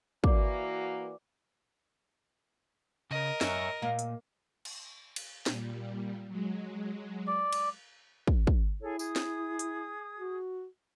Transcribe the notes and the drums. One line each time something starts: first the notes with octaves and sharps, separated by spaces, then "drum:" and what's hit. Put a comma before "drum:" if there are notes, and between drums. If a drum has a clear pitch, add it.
E3 A#3 F#4 D5 D6, drum: kick
C#3 A#4 D#5
F#2 C#5 E5, drum: snare
A#2 A#3
drum: hi-hat
drum: cymbal
drum: cymbal
A#2 G3, drum: snare
F#3 G#3
D5
drum: cymbal
drum: kick
drum: kick
E4 G#4 A4 C#5
G#4 D#6 G#6, drum: tambourine
drum: snare
drum: hi-hat
F#4